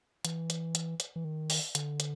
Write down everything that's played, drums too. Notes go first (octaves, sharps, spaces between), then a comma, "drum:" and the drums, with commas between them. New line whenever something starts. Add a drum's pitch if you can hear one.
E3, drum: hi-hat
drum: hi-hat
drum: hi-hat
drum: hi-hat
E3
D#3
drum: open hi-hat
D3, drum: hi-hat
drum: hi-hat